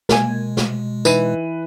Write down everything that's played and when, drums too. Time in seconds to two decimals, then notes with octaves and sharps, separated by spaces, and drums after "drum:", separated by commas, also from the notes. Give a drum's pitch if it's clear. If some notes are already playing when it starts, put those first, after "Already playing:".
0.09 B2 G#3 A#3 G#5, drum: snare
0.57 drum: snare
1.05 E3 D#4 B4 D#7, drum: tambourine